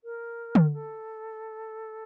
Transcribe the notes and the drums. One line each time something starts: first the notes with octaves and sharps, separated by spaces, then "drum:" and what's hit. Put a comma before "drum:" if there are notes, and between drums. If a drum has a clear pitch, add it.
A#4
drum: tom D3
A4